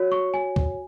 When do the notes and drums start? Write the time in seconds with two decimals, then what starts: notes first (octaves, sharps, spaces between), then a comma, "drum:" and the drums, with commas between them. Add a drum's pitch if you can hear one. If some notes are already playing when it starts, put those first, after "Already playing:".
Already playing: F#4 C#5
0.12 C#6
0.34 G#5
0.56 drum: kick D2